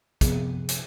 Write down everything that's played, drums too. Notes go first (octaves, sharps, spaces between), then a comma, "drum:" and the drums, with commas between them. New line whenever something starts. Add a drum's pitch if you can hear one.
C3 F3 B3 G#4, drum: kick, hi-hat
drum: hi-hat